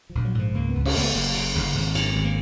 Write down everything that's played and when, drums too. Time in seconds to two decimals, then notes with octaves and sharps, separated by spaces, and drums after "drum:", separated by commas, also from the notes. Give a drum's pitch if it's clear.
0.10 F3
0.15 A#1
0.25 F#3
0.35 G#2 F3
0.54 C#2 A#3
0.69 B3
0.75 C#2
0.85 C#4, drum: cymbal
0.95 C#2 A#3
1.00 B3
1.15 F#1 A#3
1.35 C#3
1.55 F#1
1.75 G#1
1.95 F#2, drum: cymbal
2.15 G#1
2.24 A#3